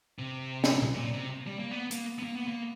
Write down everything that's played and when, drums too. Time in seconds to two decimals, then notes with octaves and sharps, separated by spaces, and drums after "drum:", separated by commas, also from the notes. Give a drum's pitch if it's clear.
0.19 C3
0.64 drum: snare
0.82 drum: tom B2
0.94 A#2
1.14 C3
1.47 G3
1.59 A#3
1.71 B3
1.91 A#3, drum: hi-hat
2.19 B3
2.23 A#3
2.35 B3
2.48 A#3